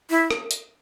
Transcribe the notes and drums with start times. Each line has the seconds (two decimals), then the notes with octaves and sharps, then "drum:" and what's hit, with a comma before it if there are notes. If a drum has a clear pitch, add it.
0.10 E4
0.31 drum: rim click
0.51 drum: hi-hat